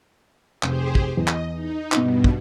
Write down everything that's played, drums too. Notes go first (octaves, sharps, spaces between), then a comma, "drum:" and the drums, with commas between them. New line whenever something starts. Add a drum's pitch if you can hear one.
F1 G4 G#4 C5, drum: clap
drum: kick
E2 D#5
drum: clap
D#4
G2 B2 B3 D#4, drum: clap
drum: kick